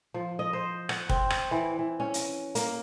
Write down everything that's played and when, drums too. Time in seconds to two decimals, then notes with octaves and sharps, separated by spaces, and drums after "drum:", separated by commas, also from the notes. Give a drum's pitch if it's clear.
0.14 F3
0.39 D#5
0.53 C5
0.89 F#5, drum: rim click
1.09 C4, drum: kick
1.30 drum: rim click
1.51 E3
1.79 E3
2.00 C#4
2.14 drum: hi-hat
2.55 A#3, drum: hi-hat